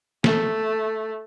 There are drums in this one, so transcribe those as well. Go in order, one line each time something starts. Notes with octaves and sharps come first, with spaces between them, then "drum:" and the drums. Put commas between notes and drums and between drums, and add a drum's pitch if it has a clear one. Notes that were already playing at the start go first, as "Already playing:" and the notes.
A3, drum: snare